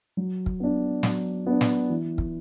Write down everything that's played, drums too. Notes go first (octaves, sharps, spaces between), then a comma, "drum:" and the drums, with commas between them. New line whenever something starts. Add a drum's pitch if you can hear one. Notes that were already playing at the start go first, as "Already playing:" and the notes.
F#3
drum: kick
B3 D4
F#3, drum: snare
B3 D4
drum: snare
E3
drum: kick